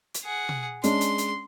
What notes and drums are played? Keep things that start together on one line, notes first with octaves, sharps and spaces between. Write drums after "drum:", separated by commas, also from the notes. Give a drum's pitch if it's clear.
drum: hi-hat
G#4 F#5
drum: tom B2
G#3 C#4 D4 C6, drum: hi-hat
drum: hi-hat
drum: hi-hat